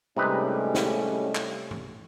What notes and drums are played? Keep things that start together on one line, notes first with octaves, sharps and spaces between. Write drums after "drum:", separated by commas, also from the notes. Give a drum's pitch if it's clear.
A2 C3 G3 G#3 C#4 D#4 B4
drum: snare
drum: clap
drum: tom G#2